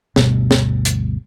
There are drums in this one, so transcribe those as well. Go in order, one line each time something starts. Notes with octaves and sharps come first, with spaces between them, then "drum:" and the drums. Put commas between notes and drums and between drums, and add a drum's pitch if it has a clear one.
G1 D2 B2 G3, drum: snare
drum: snare
drum: hi-hat